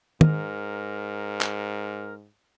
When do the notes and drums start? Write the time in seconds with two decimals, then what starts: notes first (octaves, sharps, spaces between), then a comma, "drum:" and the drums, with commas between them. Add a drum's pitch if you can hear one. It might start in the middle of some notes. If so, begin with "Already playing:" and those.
0.21 G#2 A#4, drum: tom
1.41 drum: clap